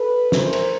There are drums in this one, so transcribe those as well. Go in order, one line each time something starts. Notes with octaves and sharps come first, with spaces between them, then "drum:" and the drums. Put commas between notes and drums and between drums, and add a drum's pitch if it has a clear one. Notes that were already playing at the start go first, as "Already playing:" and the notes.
Already playing: A4 B4
G#2 E3 A3 A#4 C5, drum: snare
drum: cymbal